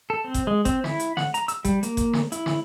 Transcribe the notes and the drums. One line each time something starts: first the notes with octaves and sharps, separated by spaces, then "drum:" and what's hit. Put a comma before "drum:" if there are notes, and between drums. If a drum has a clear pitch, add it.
A4
C4
drum: kick F#1, hi-hat
G#3
C4, drum: kick F#1, hi-hat
E4, drum: snare
drum: hi-hat
F#5, drum: snare
A#5, drum: hi-hat
E6, drum: hi-hat
G3, drum: kick F#1, hi-hat
A#3, drum: hi-hat
drum: kick F#1, hi-hat
drum: snare
E4, drum: hi-hat
drum: snare